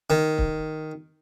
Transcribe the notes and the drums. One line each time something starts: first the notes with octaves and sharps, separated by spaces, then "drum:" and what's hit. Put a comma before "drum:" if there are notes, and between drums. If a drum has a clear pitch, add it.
D#3
drum: kick C#1